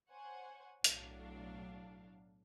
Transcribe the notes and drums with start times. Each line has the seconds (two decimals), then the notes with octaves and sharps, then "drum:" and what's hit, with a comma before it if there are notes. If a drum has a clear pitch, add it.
0.11 C5 C#5 F#5 G#5
0.84 B1 A2 F#3 D4 F5, drum: hi-hat